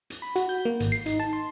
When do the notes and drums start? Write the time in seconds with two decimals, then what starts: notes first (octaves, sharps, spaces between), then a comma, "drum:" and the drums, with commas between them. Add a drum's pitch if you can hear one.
0.10 drum: hi-hat
0.22 B5
0.36 F#4, drum: hi-hat
0.49 G6
0.65 A#3
0.80 G#1, drum: hi-hat
0.92 C7
1.06 D#4, drum: hi-hat
1.20 A5
1.33 C6